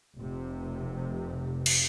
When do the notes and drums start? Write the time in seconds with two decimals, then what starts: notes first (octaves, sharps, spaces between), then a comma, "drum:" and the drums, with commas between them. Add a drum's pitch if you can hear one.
0.17 F1 C3
1.66 drum: cymbal